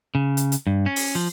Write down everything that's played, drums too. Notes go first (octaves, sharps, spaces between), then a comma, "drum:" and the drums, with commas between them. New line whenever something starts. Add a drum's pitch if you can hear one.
C#3
drum: hi-hat
drum: hi-hat
G2
C#4
drum: open hi-hat
F3